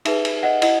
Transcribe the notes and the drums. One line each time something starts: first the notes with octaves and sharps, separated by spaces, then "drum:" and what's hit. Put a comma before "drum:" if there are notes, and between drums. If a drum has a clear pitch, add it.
D#4 G#4 B4 E5, drum: cymbal
drum: cymbal
D#5 F#5
E4 D#5 F#5, drum: cymbal